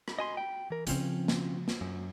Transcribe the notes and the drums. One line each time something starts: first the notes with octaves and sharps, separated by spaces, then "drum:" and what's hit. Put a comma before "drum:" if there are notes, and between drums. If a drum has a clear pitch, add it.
drum: rim click
D#5 G#5 C6
G5
E3 A#4
C#3 F3 C4 C#4 F4, drum: hi-hat
drum: snare
drum: snare
F#2